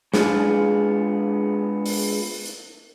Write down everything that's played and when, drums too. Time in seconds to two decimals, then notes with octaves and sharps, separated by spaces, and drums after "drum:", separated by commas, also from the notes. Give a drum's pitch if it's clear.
0.14 G#3 B3 D4 F4 G#4, drum: snare
1.86 drum: open hi-hat
2.45 drum: hi-hat